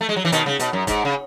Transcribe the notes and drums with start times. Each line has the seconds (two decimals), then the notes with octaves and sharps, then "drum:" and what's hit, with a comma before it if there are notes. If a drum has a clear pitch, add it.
0.01 A3
0.09 G#3
0.16 F#3
0.25 E3
0.32 B2 D#3, drum: hi-hat
0.46 C#3, drum: snare
0.59 B2, drum: hi-hat
0.73 F#2
0.87 G#2, drum: kick F#1, hi-hat
1.05 C#3